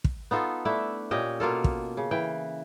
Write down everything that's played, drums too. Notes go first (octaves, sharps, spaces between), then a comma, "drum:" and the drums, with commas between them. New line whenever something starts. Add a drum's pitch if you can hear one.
drum: kick
B3 D#4 F4 A4
A3 D4 E4
A#2 C#4 G4 D#5
B2 A#3 F4 A4
drum: kick
C#3
E3 G5